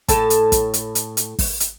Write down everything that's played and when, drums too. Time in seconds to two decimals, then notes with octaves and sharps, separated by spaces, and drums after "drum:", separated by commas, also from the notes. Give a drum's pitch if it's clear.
0.09 A2 A4 A5, drum: kick, hi-hat
0.30 drum: hi-hat
0.52 drum: kick, hi-hat
0.74 drum: hi-hat
0.95 drum: hi-hat
1.17 drum: hi-hat
1.39 drum: kick, open hi-hat
1.60 drum: hi-hat